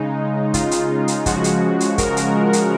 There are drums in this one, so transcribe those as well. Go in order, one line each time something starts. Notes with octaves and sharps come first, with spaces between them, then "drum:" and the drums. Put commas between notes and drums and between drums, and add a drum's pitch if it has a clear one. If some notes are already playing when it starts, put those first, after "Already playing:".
Already playing: C#3 G#3 D#4
F4, drum: kick, hi-hat
drum: hi-hat
drum: hi-hat
C#3 F3 G#3 F#4, drum: kick, hi-hat
drum: hi-hat
drum: hi-hat
A#4, drum: kick, hi-hat
drum: hi-hat
drum: hi-hat